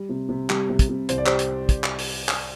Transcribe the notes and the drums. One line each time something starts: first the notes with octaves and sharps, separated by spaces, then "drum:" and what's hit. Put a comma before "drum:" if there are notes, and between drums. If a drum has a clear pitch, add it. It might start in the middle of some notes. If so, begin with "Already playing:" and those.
Already playing: G3
C3
C3
G3, drum: clap
C3
drum: kick, hi-hat
C3
C2 C5, drum: hi-hat
D5
G4 C5, drum: clap
drum: hi-hat
drum: kick, hi-hat
drum: clap
drum: open hi-hat
drum: clap